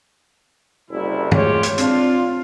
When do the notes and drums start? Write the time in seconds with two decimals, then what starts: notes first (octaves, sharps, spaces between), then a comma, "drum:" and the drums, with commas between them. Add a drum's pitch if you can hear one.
0.90 F#1 C2 G3 E4
1.31 G#3 A3 F4 G4 C#5, drum: tom G2
1.63 drum: hi-hat
1.78 C4 D4 F4, drum: hi-hat